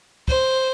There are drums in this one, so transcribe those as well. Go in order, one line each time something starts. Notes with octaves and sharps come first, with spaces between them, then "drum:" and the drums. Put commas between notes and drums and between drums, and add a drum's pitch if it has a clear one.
C5, drum: kick